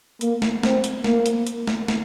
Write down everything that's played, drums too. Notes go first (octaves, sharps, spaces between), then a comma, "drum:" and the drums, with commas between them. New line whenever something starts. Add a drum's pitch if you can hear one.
A#3, drum: hi-hat
drum: snare
C4, drum: snare
drum: hi-hat
A#3, drum: snare
drum: hi-hat
drum: hi-hat
drum: snare
drum: snare